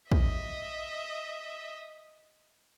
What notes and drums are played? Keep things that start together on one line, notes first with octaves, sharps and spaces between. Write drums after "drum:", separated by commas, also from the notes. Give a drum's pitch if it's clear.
D#5 E5, drum: kick